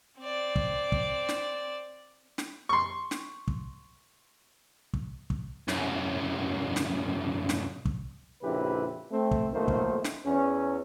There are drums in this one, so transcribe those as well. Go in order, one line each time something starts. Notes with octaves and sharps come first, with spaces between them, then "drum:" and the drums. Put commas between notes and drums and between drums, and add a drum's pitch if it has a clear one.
C4 D5
drum: kick
drum: kick
drum: snare
drum: snare
C6 C#6
drum: snare
drum: kick
drum: kick
drum: kick
C2 F#2, drum: snare
drum: snare
drum: snare
drum: kick
A#1 F2 C#3 E4 G4 B4
A3 C4
drum: kick
B1 F2 D#3 A3 A#3 C5
drum: kick
drum: snare
E2 C#4